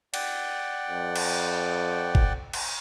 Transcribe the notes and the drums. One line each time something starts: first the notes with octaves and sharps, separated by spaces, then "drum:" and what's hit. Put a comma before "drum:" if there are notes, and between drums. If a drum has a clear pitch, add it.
D5 F#5 G5, drum: cymbal
F2
drum: cymbal
drum: kick
drum: cymbal